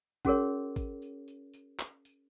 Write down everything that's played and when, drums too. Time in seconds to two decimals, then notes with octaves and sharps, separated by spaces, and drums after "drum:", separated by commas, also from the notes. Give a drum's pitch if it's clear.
0.25 C#4 F#4 G#4 A#4 C#5, drum: kick, tambourine
0.76 drum: kick, tambourine
1.02 drum: tambourine
1.28 drum: tambourine
1.54 drum: tambourine
1.79 drum: clap
2.05 drum: tambourine